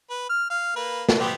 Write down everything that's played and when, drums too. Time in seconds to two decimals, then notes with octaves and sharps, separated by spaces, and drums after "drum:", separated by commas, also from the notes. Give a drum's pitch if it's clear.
0.10 B4
0.29 F6
0.50 F5
0.76 A#3 B4
1.09 drum: snare
1.19 B3 C4 G4